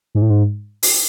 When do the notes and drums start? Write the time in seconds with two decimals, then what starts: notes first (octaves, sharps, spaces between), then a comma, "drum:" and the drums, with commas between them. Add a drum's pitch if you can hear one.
0.15 G#2
0.22 A2
0.30 G#2
0.83 drum: open hi-hat